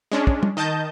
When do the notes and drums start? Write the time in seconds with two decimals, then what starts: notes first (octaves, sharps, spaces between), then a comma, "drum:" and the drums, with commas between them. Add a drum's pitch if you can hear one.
0.12 G#3 C#4 D4
0.27 drum: kick
0.43 drum: tom G3
0.57 D#3 D#5 A5 G6